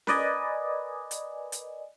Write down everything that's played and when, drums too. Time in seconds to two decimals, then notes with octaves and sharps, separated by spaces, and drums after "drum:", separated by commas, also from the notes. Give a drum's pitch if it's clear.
0.07 A#4 B4 D5 D#5 G#5, drum: snare C#4
1.11 drum: hi-hat
1.52 drum: hi-hat